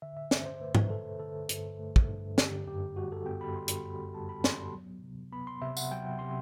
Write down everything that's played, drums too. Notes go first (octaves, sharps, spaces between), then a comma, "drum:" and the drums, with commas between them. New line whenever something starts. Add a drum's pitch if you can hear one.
D3 E5
E5
G2 C5, drum: snare
C5
A3 B4
drum: tom G#2
G2 A4
D3 A4
G2, drum: hi-hat
A3
drum: kick
G2
D3 G4, drum: snare
F#2 G4
G3 F#4
A4
B3 G5
B5
D3 C6
drum: hi-hat
F#2 B5
G3 A5
B5
B3 C6, drum: snare
F#3
C3
B3 B5
C6
C3 E5
F#5, drum: tambourine
F#3 G5
C3 C6